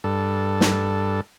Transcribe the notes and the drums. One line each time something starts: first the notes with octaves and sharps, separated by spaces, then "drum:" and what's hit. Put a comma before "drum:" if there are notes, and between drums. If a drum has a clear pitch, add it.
G2 A4
drum: snare